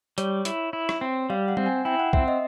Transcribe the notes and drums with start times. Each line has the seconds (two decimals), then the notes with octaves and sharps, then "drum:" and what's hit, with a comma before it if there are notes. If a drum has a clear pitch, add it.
0.18 G3 C#5, drum: hi-hat
0.45 E4, drum: hi-hat
0.73 E4
0.89 drum: rim click
1.01 C4
1.30 G3 F5
1.48 F#5
1.57 C4, drum: tom G3
1.66 G#5
1.85 E4 G5
2.00 F#5
2.13 C4 E5, drum: kick
2.28 D#5